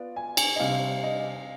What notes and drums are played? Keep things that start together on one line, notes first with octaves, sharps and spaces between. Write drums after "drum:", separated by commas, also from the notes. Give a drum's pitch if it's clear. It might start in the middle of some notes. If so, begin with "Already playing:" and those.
Already playing: B3 F4 B4 D5
G#5
G#5, drum: cymbal
D#5
C3 G3 D4 F5
D#5